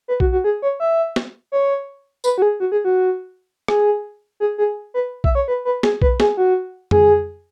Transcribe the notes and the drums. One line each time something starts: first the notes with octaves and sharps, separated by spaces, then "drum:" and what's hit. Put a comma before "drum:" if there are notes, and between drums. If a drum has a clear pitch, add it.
B4
F#4, drum: kick B1
F#4
G#4
C#5
E5
drum: snare
C#5
B4, drum: tambourine
F#4
G#4
F#4
G#4
F#4
G#4, drum: rim click
G#4
G#4
B4
E5, drum: kick B1
C#5
B4
B4
G#4, drum: snare
B4, drum: kick B1
G#4, drum: snare
F#4
G#4, drum: tom F2